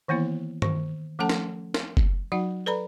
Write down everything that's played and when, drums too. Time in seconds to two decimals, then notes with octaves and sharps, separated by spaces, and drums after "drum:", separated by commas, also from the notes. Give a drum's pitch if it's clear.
0.08 D#3 E3 A#3 B3 E4
0.62 D#3, drum: tom
1.19 F3 A3 C#4 A4 F#5 A5
1.30 drum: snare
1.74 drum: snare
1.97 drum: kick
2.32 F#3 D#4 F#4 F#5
2.66 A4 B4 D5 A#5 B5